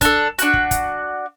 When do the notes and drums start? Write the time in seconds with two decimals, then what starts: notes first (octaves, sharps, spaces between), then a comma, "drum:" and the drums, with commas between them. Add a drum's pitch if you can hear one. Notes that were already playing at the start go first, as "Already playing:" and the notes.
0.01 D4 A4, drum: kick, hi-hat
0.39 D4 F#4, drum: hi-hat
0.53 drum: kick
0.71 drum: kick, hi-hat